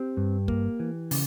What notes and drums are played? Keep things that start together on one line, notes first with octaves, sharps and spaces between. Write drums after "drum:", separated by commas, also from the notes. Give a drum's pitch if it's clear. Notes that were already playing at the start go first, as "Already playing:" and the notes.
Already playing: C4 G4
G2
A#3, drum: kick
E3
C#3, drum: open hi-hat